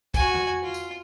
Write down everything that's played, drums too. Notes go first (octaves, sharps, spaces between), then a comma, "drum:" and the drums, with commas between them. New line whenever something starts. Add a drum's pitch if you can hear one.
F#4 G#5, drum: kick, tambourine
drum: tom E2
F4
drum: tambourine